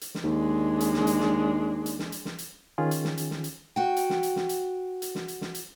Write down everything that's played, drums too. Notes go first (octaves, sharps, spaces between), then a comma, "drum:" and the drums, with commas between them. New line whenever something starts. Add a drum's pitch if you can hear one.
drum: hi-hat
drum: snare
D#2 G#3 D4
drum: hi-hat
drum: snare
drum: hi-hat
drum: snare
drum: hi-hat
drum: snare
drum: hi-hat
drum: snare
drum: hi-hat
D#3 C#4 F4 G#4
drum: hi-hat
drum: snare
drum: hi-hat
drum: snare
drum: hi-hat
F#4 G5
drum: hi-hat
drum: snare
drum: hi-hat
drum: snare
drum: hi-hat
drum: hi-hat
drum: snare
drum: hi-hat
drum: snare
drum: hi-hat